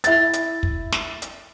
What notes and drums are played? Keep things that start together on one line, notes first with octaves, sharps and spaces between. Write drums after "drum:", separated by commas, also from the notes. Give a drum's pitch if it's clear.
E4 A6, drum: hi-hat
drum: hi-hat
drum: kick
drum: snare
drum: hi-hat